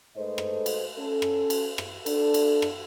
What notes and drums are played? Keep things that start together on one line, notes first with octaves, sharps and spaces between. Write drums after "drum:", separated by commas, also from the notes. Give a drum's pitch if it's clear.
G#2 A3 A4 B4 C5 D#5
drum: rim click
drum: cymbal
C#4 A4
drum: rim click
drum: cymbal
drum: rim click
D4 A4, drum: cymbal
drum: cymbal
drum: rim click